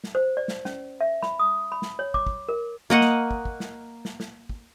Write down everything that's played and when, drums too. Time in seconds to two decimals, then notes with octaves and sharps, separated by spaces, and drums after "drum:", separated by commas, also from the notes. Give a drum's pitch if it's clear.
0.04 drum: snare
0.15 C5
0.37 D5
0.48 drum: snare
0.65 C#4, drum: snare
1.01 E5
1.23 B5, drum: snare
1.39 D#6
1.72 B5
1.82 drum: snare
1.99 C#5
2.14 D6, drum: kick
2.27 drum: kick
2.49 A#4
2.90 A#3 D#5 F#5 C#6
3.01 drum: snare
3.31 drum: kick
3.45 drum: kick
3.60 drum: snare
4.05 drum: snare
4.20 drum: snare
4.49 drum: kick